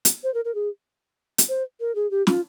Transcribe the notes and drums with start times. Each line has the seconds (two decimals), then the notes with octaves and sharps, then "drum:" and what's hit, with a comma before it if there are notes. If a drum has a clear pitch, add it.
0.05 drum: hi-hat
0.24 C5
0.34 A#4
0.45 A#4
0.55 G#4
1.38 drum: hi-hat
1.49 C5
1.80 A#4
1.95 G#4
2.11 G4
2.27 F4, drum: snare